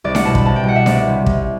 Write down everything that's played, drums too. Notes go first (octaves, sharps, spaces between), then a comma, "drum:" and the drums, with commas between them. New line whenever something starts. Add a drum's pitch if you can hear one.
C2 D5
F#5, drum: snare D4
B2 G3 A5
B5, drum: kick
C2 A5
G5
B2 G3 F#5
E5
C2 D5, drum: snare D4
C3 G3
C2, drum: kick